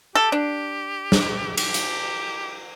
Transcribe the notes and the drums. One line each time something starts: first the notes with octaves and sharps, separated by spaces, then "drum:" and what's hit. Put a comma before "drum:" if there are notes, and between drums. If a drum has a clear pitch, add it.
G4 A4
D4
drum: snare
G4, drum: cymbal
drum: hi-hat